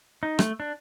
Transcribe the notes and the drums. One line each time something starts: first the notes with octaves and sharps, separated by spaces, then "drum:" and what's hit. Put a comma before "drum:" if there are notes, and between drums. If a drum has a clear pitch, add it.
D#4
A3, drum: rim click
D4